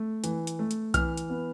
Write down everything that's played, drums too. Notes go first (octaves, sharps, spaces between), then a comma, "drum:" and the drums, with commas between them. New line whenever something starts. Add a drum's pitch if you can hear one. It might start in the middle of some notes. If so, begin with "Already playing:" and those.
Already playing: A3
E3, drum: hi-hat
drum: hi-hat
A3
drum: hi-hat
E3 F6, drum: kick B1, hi-hat
drum: hi-hat
B3